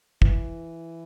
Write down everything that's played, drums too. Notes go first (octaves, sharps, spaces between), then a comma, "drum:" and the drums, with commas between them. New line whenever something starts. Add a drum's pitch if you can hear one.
E3, drum: kick